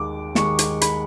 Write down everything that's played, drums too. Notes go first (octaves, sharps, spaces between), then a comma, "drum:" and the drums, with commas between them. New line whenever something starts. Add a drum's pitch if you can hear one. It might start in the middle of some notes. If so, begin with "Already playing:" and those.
Already playing: D#2 D#3 G#3 D6
D#2 D#3 G#3 C#6, drum: snare
drum: hi-hat
B5, drum: hi-hat